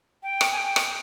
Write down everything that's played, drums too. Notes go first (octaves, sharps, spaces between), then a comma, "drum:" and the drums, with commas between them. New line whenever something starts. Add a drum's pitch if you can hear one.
G5
drum: rim click
G#5
G5
drum: rim click